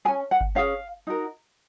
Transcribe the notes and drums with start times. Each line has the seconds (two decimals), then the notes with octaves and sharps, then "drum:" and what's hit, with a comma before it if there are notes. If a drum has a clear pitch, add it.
0.05 G#4 G#5
0.08 C#4
0.31 F#5
0.41 drum: kick G1
0.55 C#4 G#4 F5
1.07 D#4 F#4 A#4